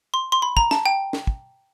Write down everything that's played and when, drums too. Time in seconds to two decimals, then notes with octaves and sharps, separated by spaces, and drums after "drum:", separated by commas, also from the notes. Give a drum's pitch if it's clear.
0.14 C6
0.32 C6
0.42 B5
0.57 A#5, drum: kick
0.71 A5, drum: snare
0.86 G5
1.13 drum: snare
1.27 drum: kick